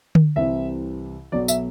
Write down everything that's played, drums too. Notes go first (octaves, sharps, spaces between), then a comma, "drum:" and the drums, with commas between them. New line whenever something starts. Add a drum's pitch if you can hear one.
drum: tom D3
C2 C3 E3 E5
B1 B2 F#3 D5
E5, drum: tambourine